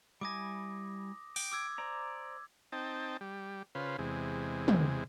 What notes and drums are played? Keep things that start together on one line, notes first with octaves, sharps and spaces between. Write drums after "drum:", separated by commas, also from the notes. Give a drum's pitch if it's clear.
G3 E4 G#5 D6 D#6 A#6
G5, drum: open hi-hat
D6 E6 G#6
C5 D5 A#5
C4 D#4 G5 A5
G3
C#3 F4 B4 C5
E2 C3 G#3
drum: tom